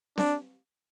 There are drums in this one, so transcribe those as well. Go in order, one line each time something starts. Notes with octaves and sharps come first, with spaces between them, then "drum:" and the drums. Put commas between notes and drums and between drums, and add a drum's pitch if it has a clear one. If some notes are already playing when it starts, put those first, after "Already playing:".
D4, drum: snare C4